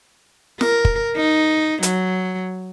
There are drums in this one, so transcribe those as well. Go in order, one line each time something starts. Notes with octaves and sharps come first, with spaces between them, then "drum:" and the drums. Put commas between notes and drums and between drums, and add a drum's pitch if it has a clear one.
A#4, drum: snare
drum: kick
D#4
F#3, drum: hi-hat